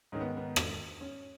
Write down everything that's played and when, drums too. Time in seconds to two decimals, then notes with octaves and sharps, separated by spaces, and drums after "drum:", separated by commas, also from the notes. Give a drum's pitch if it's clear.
0.12 G#2 D#3 C#4
0.21 B3
0.37 B3
0.56 drum: rim click
1.01 C#4